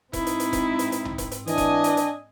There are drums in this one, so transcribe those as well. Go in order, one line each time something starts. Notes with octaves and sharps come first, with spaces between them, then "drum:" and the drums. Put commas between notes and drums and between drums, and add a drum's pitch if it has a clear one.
G#2 C4 D#4 E4, drum: kick E1, hi-hat
drum: hi-hat
drum: hi-hat
drum: kick E1, hi-hat
drum: hi-hat
drum: hi-hat
drum: tom C2
drum: kick E1, hi-hat
drum: hi-hat
E3 D4 D#5 G#5, drum: hi-hat
drum: kick E1, hi-hat
drum: hi-hat
drum: hi-hat